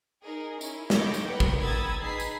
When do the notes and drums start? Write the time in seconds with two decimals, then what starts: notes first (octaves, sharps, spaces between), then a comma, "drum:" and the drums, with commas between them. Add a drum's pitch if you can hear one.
0.22 D#4 G#4 A#4
0.61 C#4 E4, drum: tambourine
0.90 C#5 B5 D6 G6 A#6, drum: snare
1.14 drum: tambourine
1.25 A#4 B4 F#5 G5
1.40 drum: kick
1.63 A#5 B5 D#6 E6 G#6 A6
2.02 D#4 G#4 B4 B5 B6 C7
2.20 drum: tambourine